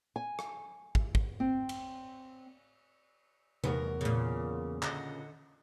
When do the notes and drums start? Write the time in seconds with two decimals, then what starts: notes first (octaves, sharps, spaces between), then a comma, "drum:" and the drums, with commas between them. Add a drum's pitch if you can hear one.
0.16 G#5
0.39 drum: rim click
0.95 drum: kick
1.15 drum: kick
1.40 C4
1.69 drum: cymbal
3.64 E2 F#3 B3 A#4, drum: tom C3
4.01 A#2 C#3
4.83 D3 D#5 F#5, drum: clap